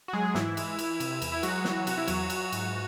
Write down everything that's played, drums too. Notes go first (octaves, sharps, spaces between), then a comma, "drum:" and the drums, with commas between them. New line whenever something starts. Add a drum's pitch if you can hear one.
F#4
F#3 G#3 G#4
G#2 E3 E4, drum: snare
G#3, drum: cymbal
E3, drum: cymbal
C3, drum: cymbal
E2, drum: cymbal
E4
F#3 G#3 F#4, drum: cymbal
E3, drum: snare
C3 F#4, drum: cymbal
E4
E2 F#3 F#4, drum: cymbal
F#3, drum: cymbal
G#2, drum: cymbal